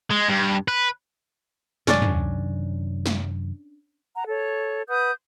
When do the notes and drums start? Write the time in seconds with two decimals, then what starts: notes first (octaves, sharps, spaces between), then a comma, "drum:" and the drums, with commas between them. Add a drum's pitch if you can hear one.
0.11 G#3
0.29 G2
0.68 B4
1.87 F#2 C3 D#3 C#4 D4 D5, drum: snare
2.02 drum: tom
3.06 drum: snare
4.15 F#5 A#5
4.28 A4 C#5
4.88 B4 F#5 D#6 G6